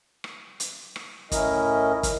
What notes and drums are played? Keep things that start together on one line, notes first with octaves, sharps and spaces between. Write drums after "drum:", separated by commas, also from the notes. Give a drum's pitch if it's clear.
drum: rim click
drum: hi-hat
drum: rim click
A2 C#4 E4 A#4 D#5, drum: kick, hi-hat
drum: kick, hi-hat